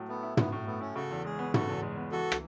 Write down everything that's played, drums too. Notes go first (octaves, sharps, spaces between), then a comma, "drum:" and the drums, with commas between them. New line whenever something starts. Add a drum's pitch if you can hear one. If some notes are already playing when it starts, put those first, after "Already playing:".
Already playing: A2 F#3
A3 B3
E4
F#3 B3, drum: tom
A2 A3
A3 B3
C#4 E4
C#3 F#4 A4
E2
G#3 G#4
B3
C#3 F#4 A4, drum: tom
E2
G#3
B3
E3 F#4 A4
drum: rim click